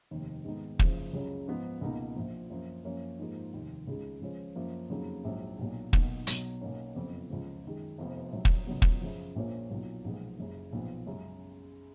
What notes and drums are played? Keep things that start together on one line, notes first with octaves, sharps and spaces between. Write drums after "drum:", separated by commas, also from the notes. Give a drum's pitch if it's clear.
F1 D#2 D#3
G#2 D#3 G#3 B3 D#4
F#1 F#2 C#3 F3, drum: kick
C#2 C#3 F#3 C#4
G#2 F3 B3 D#4
C#2 B2 A#3 D#4
A#1 A#2 F3
F#2 F3 A#3
F#2 F3 A#3 C#4
G#2 F3 A#3 D#4
F1 D#2 D#3
C#2 C#3 G#3 D#4
C#2 C#3 F3 G#3 C#4
F#2 F3 A#3
F2 C#3 F#3 A#3 D#4
A#1 G#2 F#3
B1 A#2 F#3
B1 B2 A#3 D#4, drum: kick
B1 B2 F#3, drum: hi-hat
B1 B2 A#3 C#4
F#1 F2 F3 B3
C#2 C#3 F3
F#2 D#3 G#3
F1 F2 F3 B3
A#1 A#2 F#3
drum: kick
C#2 B2 F#3 B3
drum: kick
F#2 C#3 F3
A#1 A#2 F3 A#3 C#4
B1 A#2 F#3
B1 A#2 F3 G#3 B3
F#1 F#2 C#3
B1 A#2 F3 B3
F#2 C#3 G#3